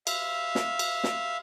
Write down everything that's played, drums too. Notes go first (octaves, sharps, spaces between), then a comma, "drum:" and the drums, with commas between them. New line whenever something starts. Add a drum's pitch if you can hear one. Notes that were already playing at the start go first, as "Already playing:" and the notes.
E5 F5, drum: cymbal
drum: snare
drum: cymbal
drum: snare